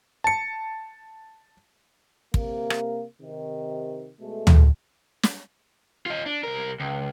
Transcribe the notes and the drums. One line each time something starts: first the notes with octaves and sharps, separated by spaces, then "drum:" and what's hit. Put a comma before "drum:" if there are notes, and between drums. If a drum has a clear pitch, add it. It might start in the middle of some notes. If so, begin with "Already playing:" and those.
A5 C#7
C3 A#3, drum: kick
drum: rim click
C3 D#3
B2 G#3 A3
drum: tom
drum: snare
F4 D#5
D4
C2 A#4
C#2